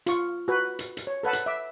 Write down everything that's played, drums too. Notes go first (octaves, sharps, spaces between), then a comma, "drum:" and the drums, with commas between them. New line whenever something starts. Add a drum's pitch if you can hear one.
F4 C#6, drum: hi-hat
F#4 B4
drum: hi-hat
drum: hi-hat
C#5
A4 B4 F#5 A5
drum: hi-hat
E5 D6